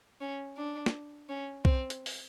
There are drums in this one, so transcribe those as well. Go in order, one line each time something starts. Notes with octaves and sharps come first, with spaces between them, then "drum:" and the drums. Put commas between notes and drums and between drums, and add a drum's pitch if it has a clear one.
C#4
D4
drum: snare
C#4
C4, drum: kick B1
drum: hi-hat
drum: open hi-hat